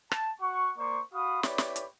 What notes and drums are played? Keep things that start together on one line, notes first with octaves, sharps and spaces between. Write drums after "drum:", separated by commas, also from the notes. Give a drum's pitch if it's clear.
A5, drum: rim click
F#4 F#5 C#6
A#3 C5 D5 C#6
F#4 F5 B5 D#6
E4 G4 B4 C#5 D5, drum: snare
drum: snare
drum: hi-hat